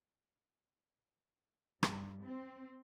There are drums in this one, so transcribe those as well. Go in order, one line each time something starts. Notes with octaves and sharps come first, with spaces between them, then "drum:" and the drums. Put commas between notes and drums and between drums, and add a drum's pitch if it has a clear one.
G2, drum: rim click
C4